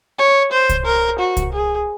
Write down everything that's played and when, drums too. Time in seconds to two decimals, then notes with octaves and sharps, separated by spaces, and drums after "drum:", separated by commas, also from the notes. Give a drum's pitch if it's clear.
0.19 C#5
0.52 C5
0.69 drum: kick C2, hi-hat
0.86 A#4
1.19 F#4
1.37 drum: kick C2, hi-hat
1.53 G#4